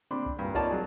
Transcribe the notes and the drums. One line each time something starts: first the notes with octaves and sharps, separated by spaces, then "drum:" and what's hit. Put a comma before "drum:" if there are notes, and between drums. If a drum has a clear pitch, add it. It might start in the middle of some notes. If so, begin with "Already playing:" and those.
C4 D4 B5 C6 D6
drum: kick B1
G2 A#2
A#3 D#4 F4 C#5 D5 A5, drum: kick B1
F#3 G#4